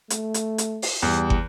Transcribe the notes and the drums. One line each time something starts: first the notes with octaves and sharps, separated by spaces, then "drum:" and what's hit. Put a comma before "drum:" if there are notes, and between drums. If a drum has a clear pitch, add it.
A3, drum: hi-hat
drum: hi-hat
drum: hi-hat
drum: open hi-hat
E2 G3
drum: kick